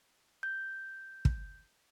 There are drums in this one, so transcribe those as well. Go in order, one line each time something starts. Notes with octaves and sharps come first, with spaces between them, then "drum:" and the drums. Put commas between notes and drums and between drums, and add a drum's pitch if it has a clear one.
G6
drum: kick